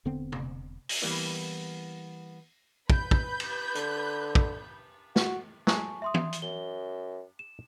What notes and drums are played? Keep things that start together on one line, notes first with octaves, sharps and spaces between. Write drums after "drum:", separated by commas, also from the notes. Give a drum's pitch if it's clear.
E1 D3 B3 C4
drum: tom
drum: open hi-hat
E3 G3 A#3 B3 E4 D5
B4 B5 G6, drum: kick
drum: kick
drum: cymbal
D3, drum: hi-hat
drum: kick
F#4, drum: snare
F#3 G#3 G#5 A5 C#6, drum: snare
E5 C6 D#6
drum: tom E3
drum: hi-hat
F#2 G7
E7